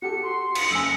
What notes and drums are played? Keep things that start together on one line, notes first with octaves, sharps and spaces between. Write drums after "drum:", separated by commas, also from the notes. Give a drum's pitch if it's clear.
F#4 G4 A4 C#7
C6
B6, drum: cymbal
F#1 G#5 E6